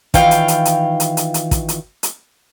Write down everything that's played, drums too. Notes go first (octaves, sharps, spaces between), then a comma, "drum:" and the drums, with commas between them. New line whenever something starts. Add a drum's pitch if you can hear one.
D#3 E3 F4 F5 G5, drum: kick, hi-hat
drum: hi-hat
drum: hi-hat
drum: hi-hat
drum: hi-hat
drum: hi-hat
drum: hi-hat
drum: kick, hi-hat
drum: hi-hat
drum: hi-hat